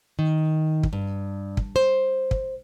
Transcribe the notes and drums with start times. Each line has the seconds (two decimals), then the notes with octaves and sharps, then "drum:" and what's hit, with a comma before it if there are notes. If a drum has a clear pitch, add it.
0.19 D#3
0.83 drum: kick
0.93 G2
1.57 drum: kick
1.76 C5
2.31 drum: kick